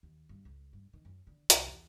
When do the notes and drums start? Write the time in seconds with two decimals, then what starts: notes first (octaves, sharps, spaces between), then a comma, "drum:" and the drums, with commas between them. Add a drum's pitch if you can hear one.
0.03 D#2
0.29 G2
0.45 C#2
0.73 G2
0.93 D#3
1.05 F#2
1.27 D3
1.50 C2, drum: hi-hat
1.67 E2